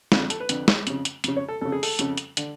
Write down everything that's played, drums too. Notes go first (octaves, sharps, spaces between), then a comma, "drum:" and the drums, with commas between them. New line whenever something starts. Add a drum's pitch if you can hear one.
F2 D3 F4, drum: snare
A4, drum: hi-hat
B4
F2 D3, drum: hi-hat
drum: snare
F2 C#3, drum: hi-hat
drum: hi-hat
F2 C#3, drum: hi-hat
C#5
A4
F2 C#3 A4
G#4
A4, drum: open hi-hat
F2 C#3, drum: hi-hat
drum: hi-hat
D3, drum: hi-hat